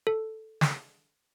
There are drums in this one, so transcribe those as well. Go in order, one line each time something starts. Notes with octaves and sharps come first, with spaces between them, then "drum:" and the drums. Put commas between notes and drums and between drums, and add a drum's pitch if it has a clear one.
A4
drum: snare